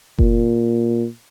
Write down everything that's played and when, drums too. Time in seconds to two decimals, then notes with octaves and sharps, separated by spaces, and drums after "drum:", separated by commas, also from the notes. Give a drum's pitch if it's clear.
0.18 A#2, drum: kick F#1